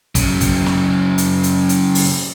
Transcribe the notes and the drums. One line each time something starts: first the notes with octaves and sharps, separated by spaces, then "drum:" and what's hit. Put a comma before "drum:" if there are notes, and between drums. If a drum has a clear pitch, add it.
F#2 C#3, drum: kick, hi-hat
drum: kick, hi-hat
drum: snare
drum: hi-hat
drum: hi-hat
drum: hi-hat
drum: open hi-hat